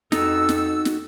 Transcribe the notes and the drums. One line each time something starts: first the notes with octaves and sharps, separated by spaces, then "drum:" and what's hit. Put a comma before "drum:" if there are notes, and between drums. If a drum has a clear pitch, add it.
F2 D#4 F#4 A4 E6, drum: snare
drum: snare
drum: snare